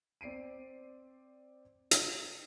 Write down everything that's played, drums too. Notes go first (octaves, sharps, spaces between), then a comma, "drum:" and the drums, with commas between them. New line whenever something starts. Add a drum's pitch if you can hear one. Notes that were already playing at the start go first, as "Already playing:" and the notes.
C4 D5 C7 D7 D#7
drum: hi-hat